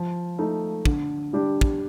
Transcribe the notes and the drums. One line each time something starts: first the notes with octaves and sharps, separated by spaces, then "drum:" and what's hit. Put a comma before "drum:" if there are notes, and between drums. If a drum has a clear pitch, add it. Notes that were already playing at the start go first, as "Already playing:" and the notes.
Already playing: F3
A3 D#4
D3, drum: kick
G3 D4 G4
drum: kick